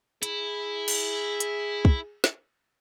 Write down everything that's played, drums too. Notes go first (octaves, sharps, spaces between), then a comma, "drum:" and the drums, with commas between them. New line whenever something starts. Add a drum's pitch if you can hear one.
E4 G#4, drum: hi-hat
drum: cymbal
drum: hi-hat
drum: kick
drum: snare